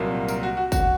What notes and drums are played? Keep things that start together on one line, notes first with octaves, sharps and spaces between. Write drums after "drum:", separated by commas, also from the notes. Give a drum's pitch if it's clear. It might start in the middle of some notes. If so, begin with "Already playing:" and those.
Already playing: C2 A#2 F#3 A#3
A#4, drum: tambourine
F#4
F#4
F#4, drum: kick, tambourine